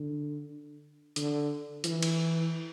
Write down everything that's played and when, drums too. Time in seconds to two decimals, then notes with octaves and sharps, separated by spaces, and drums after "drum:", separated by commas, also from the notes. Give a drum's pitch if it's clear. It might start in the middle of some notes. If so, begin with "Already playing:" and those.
Already playing: D3
1.16 D3, drum: hi-hat
1.84 E3, drum: hi-hat
2.03 drum: cymbal